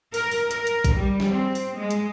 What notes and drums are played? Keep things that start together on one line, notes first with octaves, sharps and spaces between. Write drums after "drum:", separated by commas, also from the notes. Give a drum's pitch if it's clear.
A#4, drum: open hi-hat
drum: open hi-hat
A#4, drum: hi-hat
drum: hi-hat
drum: kick A#1, hi-hat
G3
drum: snare
C4
drum: open hi-hat
G#3
drum: hi-hat